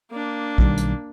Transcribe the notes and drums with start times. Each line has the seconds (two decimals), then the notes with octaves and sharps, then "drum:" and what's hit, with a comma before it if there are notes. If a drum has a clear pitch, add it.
0.11 A#3 D4
0.58 B1 D#3 G3, drum: kick A#1
0.77 drum: hi-hat